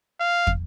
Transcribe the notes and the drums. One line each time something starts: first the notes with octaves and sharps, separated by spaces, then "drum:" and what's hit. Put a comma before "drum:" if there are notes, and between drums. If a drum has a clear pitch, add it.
F5
drum: kick